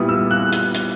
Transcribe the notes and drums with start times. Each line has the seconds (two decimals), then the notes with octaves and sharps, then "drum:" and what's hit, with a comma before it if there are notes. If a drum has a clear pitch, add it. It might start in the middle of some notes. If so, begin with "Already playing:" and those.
Already playing: A#2 G3 B3 E4 D#6
0.09 E6
0.31 F#6
0.53 drum: hi-hat
0.75 drum: hi-hat